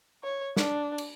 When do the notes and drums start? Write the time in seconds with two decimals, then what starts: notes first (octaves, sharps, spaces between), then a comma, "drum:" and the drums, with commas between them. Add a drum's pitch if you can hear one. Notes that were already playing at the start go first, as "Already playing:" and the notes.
0.23 C#5
0.57 D4, drum: snare
0.98 drum: cymbal